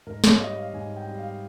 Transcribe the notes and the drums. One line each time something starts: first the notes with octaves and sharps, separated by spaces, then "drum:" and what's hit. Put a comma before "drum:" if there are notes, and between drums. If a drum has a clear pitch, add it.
G#2 A#4
C#5, drum: snare
G3 D#5
F5
G#2 G#5
G5
G3
F5